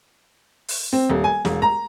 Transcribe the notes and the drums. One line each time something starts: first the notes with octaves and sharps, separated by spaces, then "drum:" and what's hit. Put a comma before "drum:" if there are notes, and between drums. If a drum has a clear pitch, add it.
drum: open hi-hat
C4
D#1
G#5
E1, drum: snare
A#5